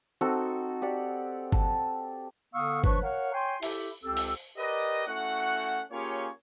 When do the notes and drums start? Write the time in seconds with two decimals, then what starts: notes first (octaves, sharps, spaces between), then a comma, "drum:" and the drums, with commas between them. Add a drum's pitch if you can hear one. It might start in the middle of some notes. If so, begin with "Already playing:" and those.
0.21 C4 D#4 F#4 A4
0.82 G4 D5 F#5
1.52 A5, drum: kick G1
2.54 D3 B3 F5 C#6 D#6 E6
2.84 F3 D4 B4 C#5 C#6, drum: kick G1
3.03 A#4 C#5 F5 F#5
3.34 C#5 G5 G#5 C6
3.62 E4 G4 A4 E5, drum: open hi-hat
4.03 C#2 C4 G4 A4 E6
4.17 drum: open hi-hat
4.57 G4 A#4 B4 D5 D#5
5.07 A3 C#4 E4 F#4 F#5
5.92 A#3 C#4 F4 G4 G#4 C#5